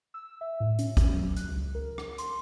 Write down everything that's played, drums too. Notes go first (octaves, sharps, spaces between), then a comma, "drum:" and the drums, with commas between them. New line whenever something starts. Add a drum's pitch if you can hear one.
E6
E5
A2
C#4, drum: hi-hat
drum: kick, hi-hat
F#3
F#6, drum: hi-hat
C#2
A#4
drum: rim click
C6, drum: hi-hat